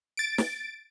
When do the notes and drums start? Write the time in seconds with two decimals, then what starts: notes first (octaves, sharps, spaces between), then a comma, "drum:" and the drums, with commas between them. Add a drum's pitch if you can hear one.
0.17 A6 D7
0.38 drum: snare